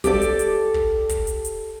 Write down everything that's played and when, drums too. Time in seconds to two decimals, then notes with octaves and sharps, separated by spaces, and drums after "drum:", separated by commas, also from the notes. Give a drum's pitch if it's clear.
0.04 G4 A4 D5, drum: kick, hi-hat
0.22 drum: hi-hat
0.39 drum: hi-hat
0.74 drum: kick
1.09 drum: kick, hi-hat
1.27 drum: hi-hat
1.45 drum: hi-hat